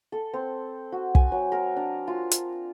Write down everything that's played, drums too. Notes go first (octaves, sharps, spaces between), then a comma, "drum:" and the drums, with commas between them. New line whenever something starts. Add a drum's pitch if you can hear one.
A4
C4
F#4
G#5, drum: kick
F#3
A#4
D4
F4
drum: hi-hat